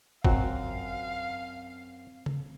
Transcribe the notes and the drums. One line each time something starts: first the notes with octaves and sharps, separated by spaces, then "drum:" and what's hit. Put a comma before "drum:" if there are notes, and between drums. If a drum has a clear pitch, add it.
F#2 C4 F#4 F5, drum: kick
drum: tom C#3